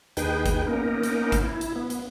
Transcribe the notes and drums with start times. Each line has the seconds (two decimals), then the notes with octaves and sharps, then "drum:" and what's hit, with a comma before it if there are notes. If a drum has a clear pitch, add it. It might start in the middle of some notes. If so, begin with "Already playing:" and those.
0.17 D#2 D#4 G#4 B4 G5, drum: hi-hat
0.46 drum: kick, hi-hat
0.67 A#3 B3 C#4 D#4 A#4
1.03 drum: hi-hat
1.32 drum: kick, hi-hat
1.42 E4
1.61 drum: hi-hat
1.76 B3
1.90 drum: hi-hat